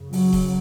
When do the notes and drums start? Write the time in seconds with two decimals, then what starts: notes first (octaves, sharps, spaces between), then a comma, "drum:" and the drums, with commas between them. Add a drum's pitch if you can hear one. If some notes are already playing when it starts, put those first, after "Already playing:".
Already playing: F#2 C#3
0.13 F#3, drum: open hi-hat
0.33 drum: kick D#1, open hi-hat